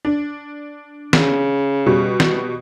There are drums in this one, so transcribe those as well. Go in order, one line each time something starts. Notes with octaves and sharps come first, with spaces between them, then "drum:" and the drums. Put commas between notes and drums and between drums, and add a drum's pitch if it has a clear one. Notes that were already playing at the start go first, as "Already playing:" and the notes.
D4
C#3, drum: snare
B2 G3
drum: snare